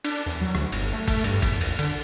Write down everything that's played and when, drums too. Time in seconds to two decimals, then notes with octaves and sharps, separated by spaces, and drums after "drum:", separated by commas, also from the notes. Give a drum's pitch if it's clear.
0.04 D4, drum: cymbal
0.26 E2
0.41 F#3
0.55 D2, drum: rim click
0.72 G1, drum: cymbal
0.93 A3
1.08 drum: kick, cymbal
1.24 G2, drum: cymbal
1.42 E2, drum: kick, cymbal
1.61 A#1, drum: cymbal
1.79 D3, drum: cymbal